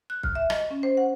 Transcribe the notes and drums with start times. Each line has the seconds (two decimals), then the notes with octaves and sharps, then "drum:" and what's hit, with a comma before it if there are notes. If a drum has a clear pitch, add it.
0.10 F#6
0.23 F6, drum: kick B1
0.35 E5
0.50 D#5, drum: rim click
0.71 C#4
0.83 C5
0.97 F#5